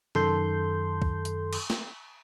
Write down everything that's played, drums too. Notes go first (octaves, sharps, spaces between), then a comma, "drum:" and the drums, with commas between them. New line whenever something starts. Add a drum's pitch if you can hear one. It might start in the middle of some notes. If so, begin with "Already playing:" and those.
F#2 D#3 A4 C6 G6, drum: tom C3
drum: kick
drum: hi-hat
drum: cymbal
drum: snare